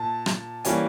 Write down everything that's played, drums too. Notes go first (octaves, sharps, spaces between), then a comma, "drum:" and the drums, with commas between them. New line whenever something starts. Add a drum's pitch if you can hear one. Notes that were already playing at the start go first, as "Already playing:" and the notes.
Already playing: A#2 A5
drum: rim click
E3 G3 A#3 C#4 G#5, drum: hi-hat